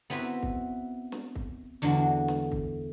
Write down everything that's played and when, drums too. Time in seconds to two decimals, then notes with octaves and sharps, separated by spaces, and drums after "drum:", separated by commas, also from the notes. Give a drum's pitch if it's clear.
0.10 B3 C4 E4 F#4 B4
0.42 drum: kick
1.12 drum: snare
1.35 drum: kick
1.82 E2 D3 G#3 D4 F#4
2.28 drum: snare
2.52 drum: kick